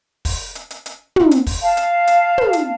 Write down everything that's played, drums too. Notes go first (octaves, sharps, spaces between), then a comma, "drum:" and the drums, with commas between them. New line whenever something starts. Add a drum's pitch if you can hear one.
drum: kick, open hi-hat
drum: hi-hat
drum: hi-hat
drum: hi-hat
drum: tom
drum: hi-hat
drum: kick, open hi-hat
F5 A5
drum: hi-hat
drum: hi-hat
drum: tom
drum: hi-hat